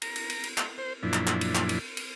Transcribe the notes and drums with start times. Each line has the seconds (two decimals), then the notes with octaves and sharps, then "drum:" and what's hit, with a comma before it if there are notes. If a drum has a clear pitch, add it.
0.02 A#5, drum: cymbal
0.16 drum: cymbal
0.30 drum: cymbal
0.44 drum: cymbal
0.58 drum: clap
0.78 C5
1.03 F#2 A#2 F3 D4 E4
1.13 drum: clap
1.27 drum: clap
1.41 drum: cymbal
1.55 drum: clap
1.69 drum: cymbal
1.97 drum: cymbal